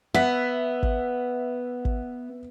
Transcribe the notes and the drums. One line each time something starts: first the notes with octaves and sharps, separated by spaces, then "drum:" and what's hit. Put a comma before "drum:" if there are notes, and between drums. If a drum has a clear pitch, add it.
B3 E5 F#5 B6
drum: kick
drum: kick